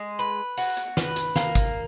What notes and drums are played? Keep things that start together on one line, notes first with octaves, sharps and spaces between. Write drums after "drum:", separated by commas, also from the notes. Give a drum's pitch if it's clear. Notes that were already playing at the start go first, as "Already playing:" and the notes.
Already playing: G#3
B4
F#4, drum: open hi-hat
drum: hi-hat
B4, drum: snare
drum: hi-hat
A#3, drum: snare
drum: kick G#1, hi-hat